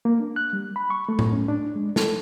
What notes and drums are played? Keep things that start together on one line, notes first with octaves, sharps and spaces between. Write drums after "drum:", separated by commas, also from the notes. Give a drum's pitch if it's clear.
A#3
D4
F#6
G3
B5
C#6
A3
drum: tom A2
C#4
D4
G#3
A4, drum: snare